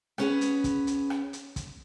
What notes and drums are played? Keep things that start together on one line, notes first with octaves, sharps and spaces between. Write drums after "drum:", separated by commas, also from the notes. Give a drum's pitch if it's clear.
B3 C#4 G#4 B4, drum: rim click
drum: hi-hat
drum: kick, hi-hat
drum: hi-hat
drum: rim click
drum: hi-hat
drum: kick, hi-hat